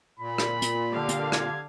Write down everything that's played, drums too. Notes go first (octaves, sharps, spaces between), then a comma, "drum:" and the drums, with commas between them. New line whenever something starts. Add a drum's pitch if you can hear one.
A#2 B5
drum: rim click
drum: hi-hat
D3 G4 F5
drum: hi-hat
G#6, drum: rim click